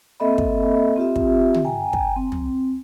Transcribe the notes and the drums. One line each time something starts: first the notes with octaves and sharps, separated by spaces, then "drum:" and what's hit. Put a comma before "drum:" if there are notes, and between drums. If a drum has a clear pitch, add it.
A#3 C4 A4 D#5 E5 B5
drum: kick
C4 F4 G4 E5
drum: kick
drum: tom
G5 G#5 A#5
drum: kick
C4
drum: tom